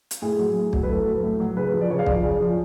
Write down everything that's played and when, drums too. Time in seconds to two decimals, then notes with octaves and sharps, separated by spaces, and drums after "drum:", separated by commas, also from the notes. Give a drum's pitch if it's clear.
0.11 drum: hi-hat
0.22 A2 G#4
0.39 F#3
0.56 A2
0.73 F#3, drum: kick
0.83 B4
0.89 A2 A4
1.06 F#3
1.23 A2
1.40 F#3
1.57 C#3 B4
1.74 F3
1.81 D5
1.90 C#3 C#5
1.99 F5
2.06 F3 D5, drum: kick
2.23 C#3
2.40 F3